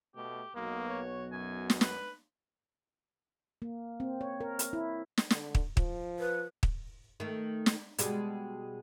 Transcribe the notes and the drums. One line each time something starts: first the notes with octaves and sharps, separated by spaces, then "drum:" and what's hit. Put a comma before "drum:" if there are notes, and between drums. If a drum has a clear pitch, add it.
B2 A3 G4
B1 B2 G#3 A#3 F#4
C#5
F#2 G#5
drum: snare
B4, drum: snare
A#3
C4
C#5
A#4
drum: hi-hat
E4
drum: snare
D3, drum: snare
drum: kick
F3, drum: kick
B4
drum: kick
D#3 A3
drum: snare
B2 G3 G#3, drum: hi-hat